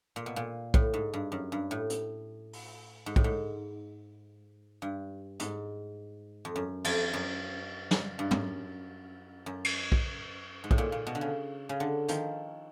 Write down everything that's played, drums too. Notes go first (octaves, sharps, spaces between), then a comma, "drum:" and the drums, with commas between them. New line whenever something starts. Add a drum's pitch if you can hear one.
A#2
B2
A#2
A2, drum: kick B1
G#2
G2
F#2
G2
A2
drum: hi-hat
drum: open hi-hat
G#2
A2, drum: kick B1
G#2
G2
G#2, drum: hi-hat
F2
F#2
F2, drum: cymbal
F#2
drum: snare
G2
F#2, drum: tom
F#2
drum: cymbal
drum: kick B1
G#2
A2, drum: kick B1
A#2
A#2
B2
D3
C#3
C#3
D3
D#3 F3, drum: hi-hat